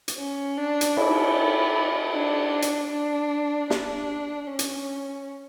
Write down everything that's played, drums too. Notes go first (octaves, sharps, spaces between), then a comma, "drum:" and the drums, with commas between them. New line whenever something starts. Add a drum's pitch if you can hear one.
drum: hi-hat
C#4
D4
drum: hi-hat
E4, drum: cymbal
D4
drum: hi-hat
D4
D4, drum: snare
C#4
drum: hi-hat